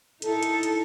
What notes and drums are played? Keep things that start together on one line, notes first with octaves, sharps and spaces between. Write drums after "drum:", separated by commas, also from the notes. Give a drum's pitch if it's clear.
D#4 E4 A4 A#4, drum: hi-hat
drum: hi-hat
drum: hi-hat